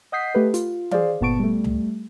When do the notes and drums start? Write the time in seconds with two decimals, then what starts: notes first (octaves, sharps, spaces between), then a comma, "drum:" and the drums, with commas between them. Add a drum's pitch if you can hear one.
0.12 D#5 F#5 D#6 G6 B6 C7
0.35 A3 G4 A4 B4
0.54 F4, drum: hi-hat
0.91 G#4 C5 D5 F5, drum: tom E3
1.21 G1 A#2 B3 A5 C#6 D7
1.39 G3 A3
1.64 drum: tom C#2